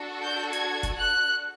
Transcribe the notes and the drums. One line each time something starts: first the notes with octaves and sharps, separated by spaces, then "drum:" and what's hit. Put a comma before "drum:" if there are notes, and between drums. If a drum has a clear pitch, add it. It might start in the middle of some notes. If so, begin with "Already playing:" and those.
Already playing: D4 F#4 A4
G6
G#6, drum: hi-hat
drum: kick F1, hi-hat
F#6